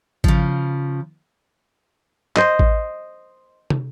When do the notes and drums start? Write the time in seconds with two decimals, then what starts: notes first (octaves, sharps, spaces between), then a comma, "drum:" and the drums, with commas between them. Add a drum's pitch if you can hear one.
0.24 C#3 F3, drum: kick A1
2.37 C5 D#5, drum: clap
2.59 drum: kick A1
3.70 drum: tom